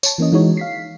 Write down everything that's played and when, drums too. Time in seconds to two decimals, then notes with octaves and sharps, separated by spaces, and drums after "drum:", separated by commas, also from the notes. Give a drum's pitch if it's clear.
0.03 C#5 A5, drum: tambourine
0.18 E3 A#3 C#4 D#5
0.32 E3 G#3 D#4 F#4 C#5
0.57 F5 B6 C7